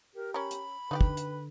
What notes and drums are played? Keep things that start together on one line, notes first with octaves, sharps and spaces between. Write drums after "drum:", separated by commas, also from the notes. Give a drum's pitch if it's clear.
G4 A#4
C#4 A#4 B5
drum: hi-hat
D3 D#4 F#4 G4 B4
drum: kick
drum: hi-hat